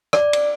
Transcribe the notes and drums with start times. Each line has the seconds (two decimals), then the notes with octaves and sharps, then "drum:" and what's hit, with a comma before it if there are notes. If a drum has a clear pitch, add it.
0.13 D5, drum: rim click
0.33 drum: cymbal